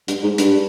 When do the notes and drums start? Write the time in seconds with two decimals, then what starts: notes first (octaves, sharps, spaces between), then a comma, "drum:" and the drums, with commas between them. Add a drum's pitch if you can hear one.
0.08 G2, drum: hi-hat
0.24 G#2
0.38 G2, drum: hi-hat